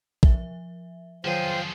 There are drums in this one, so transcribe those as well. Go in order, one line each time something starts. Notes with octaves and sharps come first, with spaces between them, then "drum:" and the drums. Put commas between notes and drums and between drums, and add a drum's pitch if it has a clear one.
F3 E5, drum: kick A#1
D#3 F3 F#3 F4 G#4 C5 C#5 G5